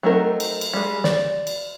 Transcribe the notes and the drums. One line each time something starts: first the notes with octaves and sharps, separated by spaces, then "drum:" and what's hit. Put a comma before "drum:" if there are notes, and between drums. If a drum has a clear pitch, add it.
F#3 A3 C4 D#4 A#4
drum: cymbal
drum: cymbal
G3 G#3
D5, drum: snare
drum: cymbal